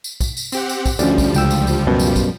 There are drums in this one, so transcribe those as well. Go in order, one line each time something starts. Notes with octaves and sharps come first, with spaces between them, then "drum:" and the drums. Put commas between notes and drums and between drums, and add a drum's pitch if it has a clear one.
drum: tambourine
drum: kick, tambourine
drum: tambourine
C4 G4 F#5, drum: tambourine
drum: tambourine
drum: kick, tambourine
D2 F3 G3 C#4 D5, drum: tambourine
drum: kick, tambourine
C#2 G5 E6, drum: tambourine
drum: tambourine
drum: tambourine
F#2 B2
drum: tambourine
drum: kick, tambourine